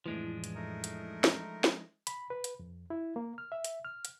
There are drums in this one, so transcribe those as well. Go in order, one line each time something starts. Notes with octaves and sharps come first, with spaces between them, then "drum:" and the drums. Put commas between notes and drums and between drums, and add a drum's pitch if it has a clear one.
F2 A2 E3 F3 G#3 D4
drum: hi-hat
A3 D#4 A#4
drum: hi-hat
drum: snare
drum: snare
B5, drum: hi-hat
B4
drum: hi-hat
F2
E4
A#3
F6
E5
drum: hi-hat
F6
drum: hi-hat